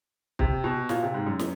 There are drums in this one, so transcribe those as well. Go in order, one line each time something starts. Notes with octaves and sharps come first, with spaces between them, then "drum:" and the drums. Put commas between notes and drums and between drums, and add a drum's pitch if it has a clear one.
C3, drum: kick
B2
A#2, drum: snare
C3
G#2
F#2
drum: snare